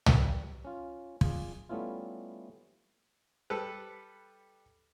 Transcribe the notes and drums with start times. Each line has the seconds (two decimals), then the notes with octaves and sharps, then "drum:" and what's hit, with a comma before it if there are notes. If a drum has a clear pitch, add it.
0.06 G3 B4, drum: tom
0.65 C#4 F4
1.21 F4 G#4 D5, drum: kick
1.69 G3 A3 B3 C#4 E4 F4
3.50 G3 A4 B4